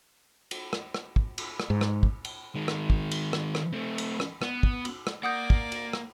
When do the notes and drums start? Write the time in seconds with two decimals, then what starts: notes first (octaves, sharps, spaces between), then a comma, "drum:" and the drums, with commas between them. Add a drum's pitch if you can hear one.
0.51 drum: cymbal
0.73 drum: rim click
0.94 drum: rim click
1.16 drum: kick
1.38 drum: cymbal
1.60 drum: rim click
1.70 G#2
1.81 drum: rim click
2.03 drum: kick
2.25 drum: cymbal
2.55 D#3 G#3
2.68 drum: rim click
2.90 drum: kick
3.11 drum: cymbal
3.33 drum: rim click
3.55 drum: rim click
3.73 A3 C4
3.98 drum: cymbal
4.20 drum: rim click
4.42 B3, drum: rim click
4.63 drum: kick
4.85 drum: cymbal
5.07 drum: rim click
5.23 A#3 D5 F#5 D#6 G6
5.50 drum: kick
5.72 drum: cymbal
5.93 drum: rim click